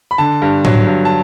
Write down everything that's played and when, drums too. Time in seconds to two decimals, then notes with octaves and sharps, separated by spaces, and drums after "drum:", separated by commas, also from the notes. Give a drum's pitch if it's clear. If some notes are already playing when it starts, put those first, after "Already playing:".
0.11 B5
0.18 D3 A5
0.42 G2
0.65 F#3, drum: tom A2
0.87 G2
1.05 A5